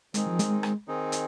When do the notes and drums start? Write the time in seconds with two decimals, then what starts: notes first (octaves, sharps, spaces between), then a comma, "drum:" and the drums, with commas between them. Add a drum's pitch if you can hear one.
0.14 D#3 G#3 C4 D#4 G#4, drum: hi-hat
0.26 F3
0.39 G#3, drum: hi-hat
0.63 drum: rim click
0.88 D#3 C4 D#4 G#4
1.12 drum: hi-hat